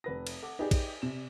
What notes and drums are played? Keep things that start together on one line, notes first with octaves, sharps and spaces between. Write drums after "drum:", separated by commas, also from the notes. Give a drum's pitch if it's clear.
F1 B4 A#6
drum: cymbal
A4 F#5 D6
D#4 G4 G#4 B4 D5 G#5
drum: kick A#1, cymbal
C3 E7